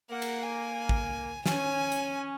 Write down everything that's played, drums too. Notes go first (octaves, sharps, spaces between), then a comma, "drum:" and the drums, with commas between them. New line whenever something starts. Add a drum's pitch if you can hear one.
A#3 F#5
drum: cymbal
G#5
drum: kick A1
C#4 G#5, drum: snare
drum: hi-hat